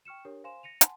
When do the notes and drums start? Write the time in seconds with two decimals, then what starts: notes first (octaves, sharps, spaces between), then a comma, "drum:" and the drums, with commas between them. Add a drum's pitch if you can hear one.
0.05 G5 C#6 F6 C#7 E7
0.25 D4 G4 A#4 C#5
0.44 C5 F5 G#5 C6 E7
0.63 A#6 C#7 D#7 F7
0.81 F#5 G#5 A5 C6, drum: hi-hat